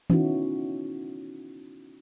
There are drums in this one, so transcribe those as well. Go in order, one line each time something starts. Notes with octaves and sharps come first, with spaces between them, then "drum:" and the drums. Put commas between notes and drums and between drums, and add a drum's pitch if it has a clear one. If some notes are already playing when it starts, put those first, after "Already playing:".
B3 C#4 D#4 E4 F#4, drum: tom D#3